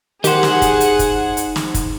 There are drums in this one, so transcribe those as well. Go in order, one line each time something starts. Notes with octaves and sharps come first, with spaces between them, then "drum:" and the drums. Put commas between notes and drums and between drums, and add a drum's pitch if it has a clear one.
D#3 D#4 G4 G#4 C5 F#5, drum: hi-hat
drum: snare
drum: kick, hi-hat
drum: hi-hat
drum: kick, hi-hat
drum: hi-hat
drum: snare
drum: kick, hi-hat